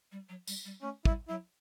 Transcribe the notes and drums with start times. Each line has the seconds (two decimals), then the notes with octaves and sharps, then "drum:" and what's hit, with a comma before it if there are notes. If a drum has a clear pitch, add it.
0.12 G3
0.29 F#3
0.47 G3, drum: tambourine
0.65 G3
0.82 A3 C#4
1.05 G3 E4, drum: kick
1.28 F#3 E4